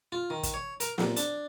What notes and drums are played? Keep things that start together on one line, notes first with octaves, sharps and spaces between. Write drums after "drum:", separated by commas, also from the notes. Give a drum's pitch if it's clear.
F4
D#3
drum: kick, hi-hat
C#5
A#4, drum: hi-hat
A#2, drum: snare
D4, drum: hi-hat